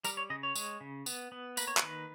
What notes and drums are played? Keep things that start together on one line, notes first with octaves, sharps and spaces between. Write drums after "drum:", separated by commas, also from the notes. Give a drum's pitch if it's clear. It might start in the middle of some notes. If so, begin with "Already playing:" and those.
G3 A#4, drum: tambourine
C#5
C#3 D#5
C#5
G#3, drum: tambourine
C#3
B3, drum: tambourine
B3
A#3 B4, drum: tambourine
C#5
B4, drum: clap
D#3